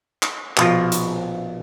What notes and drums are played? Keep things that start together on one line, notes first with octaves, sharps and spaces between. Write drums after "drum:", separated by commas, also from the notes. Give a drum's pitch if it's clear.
drum: clap
A#1 B2 F3 F4, drum: clap
drum: hi-hat